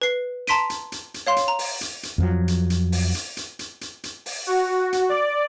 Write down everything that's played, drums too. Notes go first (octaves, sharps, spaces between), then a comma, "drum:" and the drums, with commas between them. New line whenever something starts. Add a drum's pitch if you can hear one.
B4 C7
A5 A#5 C6 B6 D7 D#7, drum: hi-hat
drum: hi-hat
drum: hi-hat
drum: hi-hat
C#5 F5 C6
drum: hi-hat
A#5
drum: open hi-hat
drum: hi-hat
drum: hi-hat
F2 F3 F#3
drum: hi-hat
drum: hi-hat
drum: open hi-hat
drum: hi-hat
drum: hi-hat
drum: hi-hat
drum: hi-hat
drum: hi-hat
drum: open hi-hat
F#4
drum: hi-hat
D5